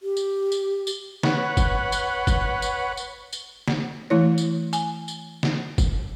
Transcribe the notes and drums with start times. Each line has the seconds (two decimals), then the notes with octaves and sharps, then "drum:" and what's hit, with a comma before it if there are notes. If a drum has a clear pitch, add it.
0.01 G4
0.17 drum: tambourine
0.52 drum: tambourine
0.87 drum: tambourine
1.23 B4 C#5 F#5, drum: snare
1.57 drum: kick, tambourine
1.92 drum: tambourine
2.27 drum: kick, tambourine
2.62 drum: tambourine
2.97 drum: tambourine
3.32 drum: tambourine
3.68 drum: snare
4.10 E3 A3 E4 C#5
4.38 drum: tambourine
4.73 G#5, drum: tambourine
5.08 drum: tambourine
5.43 drum: snare
5.78 drum: kick, tambourine